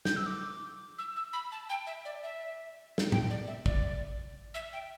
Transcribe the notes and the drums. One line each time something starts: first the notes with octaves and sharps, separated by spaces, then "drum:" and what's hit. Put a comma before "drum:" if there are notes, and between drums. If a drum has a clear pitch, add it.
G6, drum: snare
E6
D6
E6
E6
B5
A5
G5
E5
D5
E5
drum: snare
G5, drum: tom A2
D5
E5
D5, drum: kick
E5
G5